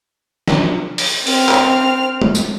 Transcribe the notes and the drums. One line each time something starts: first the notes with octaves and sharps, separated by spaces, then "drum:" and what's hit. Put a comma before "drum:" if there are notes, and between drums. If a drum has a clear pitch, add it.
drum: snare
drum: open hi-hat
C4 F6, drum: open hi-hat
drum: clap
drum: tom
drum: tambourine